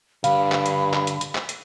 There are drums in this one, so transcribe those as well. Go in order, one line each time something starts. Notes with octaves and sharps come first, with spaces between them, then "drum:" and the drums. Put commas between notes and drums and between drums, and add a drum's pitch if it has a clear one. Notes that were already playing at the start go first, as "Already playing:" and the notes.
G2 D3 F5 B5, drum: hi-hat
drum: clap
drum: hi-hat
drum: clap
drum: hi-hat
drum: hi-hat
drum: clap
drum: hi-hat